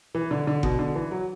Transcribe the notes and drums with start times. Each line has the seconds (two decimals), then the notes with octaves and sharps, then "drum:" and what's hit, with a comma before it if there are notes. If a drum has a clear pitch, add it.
0.15 E3
0.31 D3
0.47 D3
0.63 B2, drum: kick F#1
0.79 D3
0.95 E3
1.11 F#3